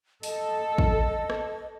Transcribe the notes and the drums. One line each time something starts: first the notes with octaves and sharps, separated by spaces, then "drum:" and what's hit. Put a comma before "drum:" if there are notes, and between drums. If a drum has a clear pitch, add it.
A4 D#5, drum: open hi-hat
drum: kick
drum: rim click